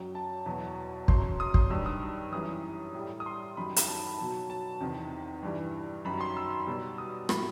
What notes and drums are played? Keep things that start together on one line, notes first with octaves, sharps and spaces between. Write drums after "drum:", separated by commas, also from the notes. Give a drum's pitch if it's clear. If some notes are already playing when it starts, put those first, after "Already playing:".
Already playing: F#2 F#3 G5
A5
E2 B2 F#3
F#2 F#3 C6, drum: kick
D#6
C6, drum: kick
G2 D#3 G3 E6
D#6
F#2 E3 G3 D#6
A2 G3
D#6
C6
F#2 D#3 F#3 B5
drum: hi-hat
A5
B2 F#3 A5
A5
E2 C3 D#3
G2 E3 G3
F#2 D#3 F#3 B5
C6
E6
B2 G3
D#6
A2 F#3 B5, drum: rim click